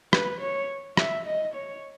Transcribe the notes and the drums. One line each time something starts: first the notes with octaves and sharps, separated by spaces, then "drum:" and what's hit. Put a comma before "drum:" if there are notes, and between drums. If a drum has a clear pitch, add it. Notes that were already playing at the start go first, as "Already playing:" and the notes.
B4, drum: rim click
C#5
E5, drum: rim click
D#5
C#5